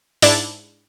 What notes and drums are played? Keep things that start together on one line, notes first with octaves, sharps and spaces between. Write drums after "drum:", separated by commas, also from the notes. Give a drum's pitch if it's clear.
G#2 D4 E4 D5, drum: open hi-hat